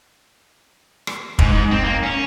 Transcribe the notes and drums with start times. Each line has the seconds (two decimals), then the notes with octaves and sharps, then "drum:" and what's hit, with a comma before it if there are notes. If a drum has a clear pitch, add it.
1.07 drum: rim click
1.39 G#2, drum: kick
1.51 G#2
1.71 C4
1.84 A#3
2.03 C#4